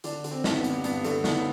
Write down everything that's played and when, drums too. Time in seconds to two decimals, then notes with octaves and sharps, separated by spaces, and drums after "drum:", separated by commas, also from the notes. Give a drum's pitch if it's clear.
0.04 D3 D4, drum: hi-hat
0.24 D3, drum: hi-hat
0.31 C4
0.44 G2, drum: snare
0.58 B3
0.64 G2, drum: hi-hat
0.84 G2 B3, drum: hi-hat
1.04 D3 A3, drum: hi-hat
1.24 D3 B3, drum: snare